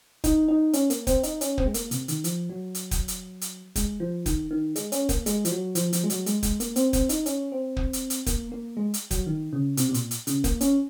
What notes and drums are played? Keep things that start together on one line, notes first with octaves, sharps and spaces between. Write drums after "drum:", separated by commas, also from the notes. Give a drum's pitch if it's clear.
D#4, drum: kick, hi-hat
D#4
C#4, drum: hi-hat
A#3, drum: hi-hat
C4, drum: kick, hi-hat
D#4, drum: hi-hat
C#4, drum: hi-hat
C4, drum: kick
G#3
A#3, drum: hi-hat
C3, drum: hi-hat
D#3, drum: hi-hat
F3, drum: hi-hat
F#3
drum: hi-hat
drum: kick, hi-hat
drum: hi-hat
drum: hi-hat
G#3, drum: kick, hi-hat
F3
D#3, drum: kick, hi-hat
D#3
G#3, drum: hi-hat
C#4, drum: hi-hat
A#3, drum: kick, hi-hat
G#3, drum: hi-hat
F3, drum: hi-hat
F#3
F3, drum: hi-hat
F3, drum: hi-hat
G#3
F#3, drum: hi-hat
G#3, drum: hi-hat
G#3, drum: kick, hi-hat
A#3, drum: hi-hat
C4, drum: hi-hat
C4, drum: kick, hi-hat
D#4, drum: hi-hat
C#4, drum: hi-hat
C4
drum: kick
drum: hi-hat
drum: hi-hat
A#3, drum: kick, hi-hat
A#3
G#3
drum: hi-hat
F#3, drum: kick, hi-hat
D#3
C#3
C3, drum: hi-hat
C3
A#2, drum: hi-hat
drum: hi-hat
C#3, drum: hi-hat
A#3, drum: kick, hi-hat
C#4, drum: hi-hat